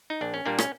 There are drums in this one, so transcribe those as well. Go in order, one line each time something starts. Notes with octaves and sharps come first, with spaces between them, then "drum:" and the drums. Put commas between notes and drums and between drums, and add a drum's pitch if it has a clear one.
D#4
A#1 D4
C#4
A#2 G3 A#3 D4
C#4, drum: rim click